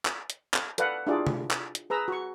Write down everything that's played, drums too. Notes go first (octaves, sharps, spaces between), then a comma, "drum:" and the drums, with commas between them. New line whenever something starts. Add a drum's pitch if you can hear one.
drum: clap
drum: hi-hat
drum: clap
A4 B4 D5 F5 F#5, drum: hi-hat
D4 E4 F4 G4 G#4 D5
drum: tom C3
drum: clap
drum: hi-hat
G#4 B4 A#5 E6
F#4 C#6